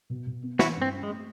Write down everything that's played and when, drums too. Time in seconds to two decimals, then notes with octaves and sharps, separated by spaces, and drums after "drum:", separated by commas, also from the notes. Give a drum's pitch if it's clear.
0.10 B2
0.26 B2
0.42 B3
0.59 E3 E4 F#4, drum: snare
0.76 G2
0.82 C4
0.92 C#4
1.03 G#3
1.09 A3